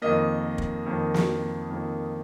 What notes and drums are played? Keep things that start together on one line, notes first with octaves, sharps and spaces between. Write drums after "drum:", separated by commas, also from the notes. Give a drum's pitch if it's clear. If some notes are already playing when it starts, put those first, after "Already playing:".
F2 D#3 A#3 D#5
drum: kick
F2 D#3 A#3
drum: snare
F2 D#3 A#3